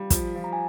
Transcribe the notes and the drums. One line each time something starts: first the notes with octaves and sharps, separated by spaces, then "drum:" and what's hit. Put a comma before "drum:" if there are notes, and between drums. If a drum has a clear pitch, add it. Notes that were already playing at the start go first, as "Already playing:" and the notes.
Already playing: G3 F5
F3, drum: kick, hi-hat
F3
A#5
G#5